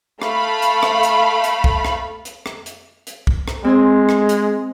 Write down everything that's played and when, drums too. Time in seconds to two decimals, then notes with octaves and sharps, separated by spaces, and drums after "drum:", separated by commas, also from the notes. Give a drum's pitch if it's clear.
0.22 A3 F5 B5, drum: rim click
0.62 drum: hi-hat
0.83 drum: rim click
1.03 drum: hi-hat
1.44 drum: hi-hat
1.64 drum: kick C2
1.85 drum: rim click
2.25 drum: hi-hat
2.46 drum: rim click
2.66 drum: hi-hat
3.07 drum: hi-hat
3.27 drum: kick C2
3.48 drum: rim click
3.64 G#3 C4 G#4 C5
4.09 drum: rim click
4.29 drum: hi-hat